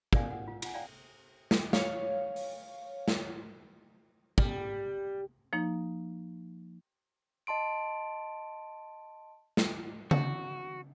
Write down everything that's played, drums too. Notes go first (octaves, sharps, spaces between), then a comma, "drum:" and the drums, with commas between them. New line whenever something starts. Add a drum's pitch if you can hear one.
G#4 A#4 D5 F5 G#5, drum: kick
F#5
F4
F4 F#5 G#5, drum: cymbal
C#5 D5 F5 G5 G#5 A#5
drum: snare
C#5 F5, drum: snare
drum: open hi-hat
drum: snare
G3, drum: kick
F3 A#3 D#4
D#5 A5 C6 D7
drum: snare
F#4, drum: tom C#3